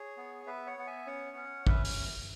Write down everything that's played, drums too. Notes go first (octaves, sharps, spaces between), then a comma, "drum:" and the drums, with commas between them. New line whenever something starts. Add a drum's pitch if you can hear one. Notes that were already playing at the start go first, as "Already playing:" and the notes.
Already playing: G#4 C#5
B3
B3 B4 E5
C#5 F#5
B3 F#5
E5 G#5
C#4 C#5 F#5
C#4
C#4 B4 E5, drum: kick
drum: open hi-hat